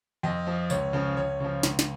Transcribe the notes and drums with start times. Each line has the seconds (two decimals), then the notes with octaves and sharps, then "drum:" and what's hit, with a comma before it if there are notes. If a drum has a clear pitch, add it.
0.23 F2 D#5
0.47 F3
0.70 C#2 C#5, drum: tambourine
0.93 C#3 F3
1.17 C#2 C#5
1.40 C#3 F3
1.63 C#2, drum: snare
1.79 drum: snare